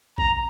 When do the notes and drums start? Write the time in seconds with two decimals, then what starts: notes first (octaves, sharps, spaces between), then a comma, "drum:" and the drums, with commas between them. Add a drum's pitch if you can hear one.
0.18 A#5, drum: kick A#1